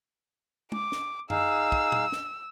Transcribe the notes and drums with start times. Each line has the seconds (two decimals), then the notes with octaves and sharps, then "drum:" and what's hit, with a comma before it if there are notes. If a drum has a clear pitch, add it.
0.72 D6, drum: tom
0.92 drum: snare
1.30 D#4 G#4 F5 E6, drum: tom F#2
1.72 drum: kick
1.92 drum: tom
2.12 drum: snare